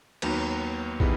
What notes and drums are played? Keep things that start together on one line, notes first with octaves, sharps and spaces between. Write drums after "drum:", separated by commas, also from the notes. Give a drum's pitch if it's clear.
D#2 D#3 F#3 B3, drum: cymbal
C#3 E3 G3 B3 D#4, drum: kick